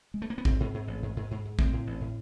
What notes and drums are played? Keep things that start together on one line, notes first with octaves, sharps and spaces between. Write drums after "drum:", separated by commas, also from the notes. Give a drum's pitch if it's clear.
G#3
A3
A#3
B3
G#2 C4, drum: kick A#1
G#2
G#2
A1
G#2
G#2
G#2
G#2
A2 C4, drum: kick A#1
A2
A1
A2